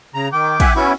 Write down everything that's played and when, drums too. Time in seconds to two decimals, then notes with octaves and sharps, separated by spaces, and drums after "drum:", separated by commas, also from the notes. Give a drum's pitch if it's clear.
0.14 C#3 A#5
0.33 D#3 G5 D6
0.60 E5 F#5 G#5, drum: kick, cymbal
0.76 B3 C#4 E4 F#4